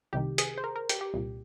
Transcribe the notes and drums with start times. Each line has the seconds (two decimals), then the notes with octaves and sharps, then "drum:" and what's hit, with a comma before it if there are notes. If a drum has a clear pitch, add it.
0.13 C2 C3 D#3 G4
0.38 G#4, drum: hi-hat
0.58 C5
0.64 A#4
0.76 A#4
0.89 G4, drum: hi-hat
1.01 G4
1.14 C2 A#2